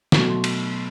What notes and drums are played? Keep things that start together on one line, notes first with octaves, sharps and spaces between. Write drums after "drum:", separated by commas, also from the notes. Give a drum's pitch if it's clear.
B2 F#3 A3 C#6, drum: snare
C6
drum: cymbal